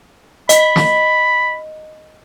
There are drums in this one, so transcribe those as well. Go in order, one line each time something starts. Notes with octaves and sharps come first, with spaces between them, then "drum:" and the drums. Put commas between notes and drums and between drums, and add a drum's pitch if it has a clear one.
D#5 B5, drum: hi-hat
drum: snare